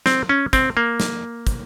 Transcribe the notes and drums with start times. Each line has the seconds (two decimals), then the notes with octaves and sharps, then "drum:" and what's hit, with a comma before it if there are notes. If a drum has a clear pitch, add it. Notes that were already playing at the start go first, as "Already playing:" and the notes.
0.06 C4, drum: snare
0.29 C#4
0.53 C4, drum: kick, hi-hat
0.77 A#3
1.00 drum: snare
1.47 drum: kick, hi-hat